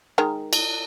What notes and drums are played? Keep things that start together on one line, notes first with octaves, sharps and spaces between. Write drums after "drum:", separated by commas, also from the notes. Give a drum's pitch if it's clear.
D#3 G#3 A#4
drum: cymbal